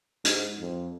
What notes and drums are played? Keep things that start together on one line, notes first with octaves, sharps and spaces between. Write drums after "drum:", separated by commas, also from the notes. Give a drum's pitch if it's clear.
G#2, drum: hi-hat
F2